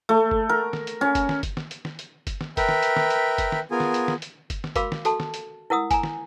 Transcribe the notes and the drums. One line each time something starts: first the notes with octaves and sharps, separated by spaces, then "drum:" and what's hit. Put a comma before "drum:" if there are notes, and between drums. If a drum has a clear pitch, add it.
A3
drum: kick G1
A#4
drum: snare
drum: hi-hat
C#4
drum: kick G1, hi-hat
drum: snare
drum: kick G1, hi-hat
drum: snare
drum: hi-hat
drum: snare
drum: hi-hat
drum: kick G1, hi-hat
drum: snare
A#4 B4 E5 G5, drum: kick G1, hi-hat
drum: snare
drum: hi-hat
drum: snare
drum: hi-hat
drum: kick G1, hi-hat
drum: snare
B3 F4 G#4 A#4 G#5
drum: snare
drum: hi-hat
drum: snare
drum: hi-hat
drum: kick G1, hi-hat
drum: snare
F#4 A#4 F5 B5 D6 E6, drum: kick G1, hi-hat
drum: snare
F#4 A4 A5, drum: hi-hat
drum: snare
drum: hi-hat
E4 A#4 F#5 D#6 E6
G#5 A#5, drum: kick G1, hi-hat
drum: snare